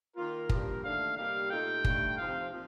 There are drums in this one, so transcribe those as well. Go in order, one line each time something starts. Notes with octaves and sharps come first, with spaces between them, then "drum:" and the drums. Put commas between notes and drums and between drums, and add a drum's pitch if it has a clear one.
D#3 A#3 F4 A#4
G2 F3 A#3 D4 G4, drum: kick
D#2 D3 A3 D4 F5
C3 G3 A#3 D#4 G4 F5
A#2 A3 D#4 G4 G5
G2 D3 A3, drum: kick
C3 F3 C4 D#4 F5
A#2 F3